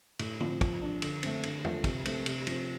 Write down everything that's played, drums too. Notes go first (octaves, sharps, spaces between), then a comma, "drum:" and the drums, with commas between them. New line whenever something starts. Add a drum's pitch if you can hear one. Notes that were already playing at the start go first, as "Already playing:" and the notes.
A2, drum: cymbal
F3 C4, drum: tom
F3, drum: kick, cymbal
D4
D3, drum: cymbal
A3 C4, drum: cymbal
D3, drum: cymbal
F3 A3, drum: tom
C3, drum: kick, cymbal
A3 C4, drum: cymbal
C3, drum: cymbal
F3 C4, drum: cymbal